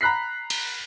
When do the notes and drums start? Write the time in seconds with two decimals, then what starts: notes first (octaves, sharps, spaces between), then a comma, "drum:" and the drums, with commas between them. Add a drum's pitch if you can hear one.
0.01 A#5 B5 F#6 B6 C7
0.50 drum: cymbal